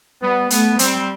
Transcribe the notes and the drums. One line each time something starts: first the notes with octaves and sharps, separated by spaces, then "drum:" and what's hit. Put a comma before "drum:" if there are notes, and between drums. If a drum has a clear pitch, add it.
G3 B3
A3 B3, drum: hi-hat
G3 C4, drum: hi-hat